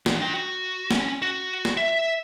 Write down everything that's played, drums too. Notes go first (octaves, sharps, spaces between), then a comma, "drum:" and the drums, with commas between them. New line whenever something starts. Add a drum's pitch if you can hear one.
E3 D4, drum: snare
D4 G5
F#4
C4 C#4, drum: snare
F#4
drum: snare
E5